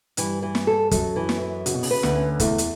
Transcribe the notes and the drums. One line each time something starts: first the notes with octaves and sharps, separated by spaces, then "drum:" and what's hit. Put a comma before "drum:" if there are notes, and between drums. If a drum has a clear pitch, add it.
G2 E3 G3, drum: hi-hat
E3
drum: snare
A4
F#2 F#3 A4, drum: kick, hi-hat
E3
drum: snare
E3
C#3 F#4, drum: hi-hat
B2
C#3, drum: open hi-hat
B4
D2 D3, drum: snare
C#4
E2 E3 A3, drum: kick, hi-hat
drum: hi-hat